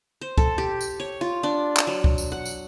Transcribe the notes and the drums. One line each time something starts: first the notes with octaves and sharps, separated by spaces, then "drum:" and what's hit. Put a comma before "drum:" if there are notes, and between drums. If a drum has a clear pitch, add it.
C5
A4, drum: kick
G4
drum: tambourine
C#5
F4
D4
drum: clap
F#3
drum: kick
drum: tambourine
F#5
drum: tambourine